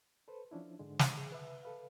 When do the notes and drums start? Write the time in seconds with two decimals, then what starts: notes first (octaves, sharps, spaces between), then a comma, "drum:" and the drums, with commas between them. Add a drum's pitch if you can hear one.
0.28 A4 B4 C5
0.51 F3 C#4 D4 E4
0.79 G#2 D3 G#3
0.99 drum: snare
1.17 G#4
1.32 B4 E5
1.63 A4 B4 F5